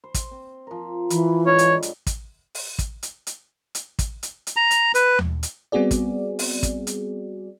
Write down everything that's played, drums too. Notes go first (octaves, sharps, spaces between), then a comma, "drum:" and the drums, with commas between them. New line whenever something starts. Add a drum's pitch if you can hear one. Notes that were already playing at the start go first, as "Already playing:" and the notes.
C5
drum: kick, hi-hat
C4
F3 A#4
E3 B5, drum: hi-hat
G#2 D3 F#3 C#5
drum: hi-hat
drum: hi-hat
drum: kick, hi-hat
drum: open hi-hat
drum: kick, hi-hat
drum: hi-hat
drum: hi-hat
drum: hi-hat
drum: kick, hi-hat
drum: hi-hat
drum: hi-hat
A#5
drum: hi-hat
B4, drum: hi-hat
drum: tom D#2
drum: hi-hat
G3 B3 C4 F#4 G#4 D5
drum: kick, hi-hat
drum: open hi-hat
drum: kick, hi-hat
drum: hi-hat